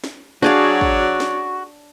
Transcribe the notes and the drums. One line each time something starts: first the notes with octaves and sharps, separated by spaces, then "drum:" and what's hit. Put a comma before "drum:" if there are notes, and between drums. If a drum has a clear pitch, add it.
drum: snare
F#3 D4 F#4 G#4 C#5 D5 F5
drum: kick
drum: snare